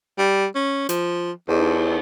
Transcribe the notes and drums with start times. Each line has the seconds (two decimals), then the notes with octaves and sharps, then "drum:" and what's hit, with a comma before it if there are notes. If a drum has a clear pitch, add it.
0.18 G3
0.55 C#4
0.89 F3, drum: hi-hat
1.49 E2, drum: cymbal